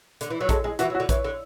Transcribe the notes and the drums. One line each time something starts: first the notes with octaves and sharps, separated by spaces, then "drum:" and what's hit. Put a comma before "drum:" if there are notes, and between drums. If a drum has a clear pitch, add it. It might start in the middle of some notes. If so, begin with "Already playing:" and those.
D3, drum: hi-hat
E3
F#3
G#3 A4, drum: kick A#1, hi-hat
G#3 G#4
E3 F#4, drum: hi-hat
F#3
F#4
D3
E3 C#5, drum: kick A#1, hi-hat
D3